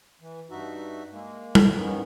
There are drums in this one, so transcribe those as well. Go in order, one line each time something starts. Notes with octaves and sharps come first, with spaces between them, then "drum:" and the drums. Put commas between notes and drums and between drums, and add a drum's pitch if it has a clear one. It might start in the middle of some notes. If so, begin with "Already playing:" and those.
E3
G2 D#4 F#4 E5
G#3 A#3
drum: tom G3
G#2 D#3 B3 C#4 D#4